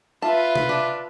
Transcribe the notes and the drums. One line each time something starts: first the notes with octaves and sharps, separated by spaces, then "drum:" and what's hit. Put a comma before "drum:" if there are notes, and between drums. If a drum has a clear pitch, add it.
F4 B4 E5 A5
drum: tom C3
D4